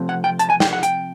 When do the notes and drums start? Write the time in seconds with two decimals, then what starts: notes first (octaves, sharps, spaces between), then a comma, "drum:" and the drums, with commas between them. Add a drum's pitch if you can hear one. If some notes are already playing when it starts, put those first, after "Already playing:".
Already playing: C3 F3 A3 C4
0.09 F#5
0.24 G5
0.39 A5, drum: hi-hat
0.50 G#5
0.60 G5, drum: snare
0.73 F#5
0.83 G5, drum: hi-hat